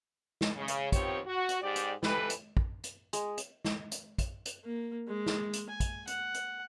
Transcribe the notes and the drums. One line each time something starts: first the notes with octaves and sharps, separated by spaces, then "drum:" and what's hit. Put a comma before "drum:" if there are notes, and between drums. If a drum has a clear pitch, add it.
drum: snare
C#3
drum: hi-hat
D#3 F3 B3 C4 G4 C#5, drum: kick, hi-hat
F#4
drum: hi-hat
G#2 G4 D5
drum: hi-hat
F2 E3 G4 A4 B4, drum: snare
drum: hi-hat
drum: kick
drum: hi-hat
G#3, drum: hi-hat
drum: hi-hat
drum: snare
drum: hi-hat
drum: kick, hi-hat
drum: hi-hat
A#3
G#3
drum: snare
drum: hi-hat
G#5
drum: kick, hi-hat
F#5, drum: hi-hat
drum: hi-hat